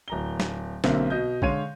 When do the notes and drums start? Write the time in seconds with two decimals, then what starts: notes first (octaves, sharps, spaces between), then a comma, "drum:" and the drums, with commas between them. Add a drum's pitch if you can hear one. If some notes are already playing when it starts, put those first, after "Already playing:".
0.08 D1 A#5 G7
0.40 drum: snare
0.84 B1 D3 A#3 C4 E5, drum: snare
1.10 B2 D#5 G6
1.42 D3 G#3 C#5 F5 C6 D#7, drum: kick